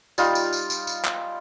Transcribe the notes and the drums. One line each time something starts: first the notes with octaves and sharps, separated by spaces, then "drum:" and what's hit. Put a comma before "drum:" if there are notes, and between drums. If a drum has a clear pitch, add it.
G3 D#4 F4, drum: tambourine
drum: tambourine
drum: tambourine
drum: tambourine
drum: tambourine
drum: clap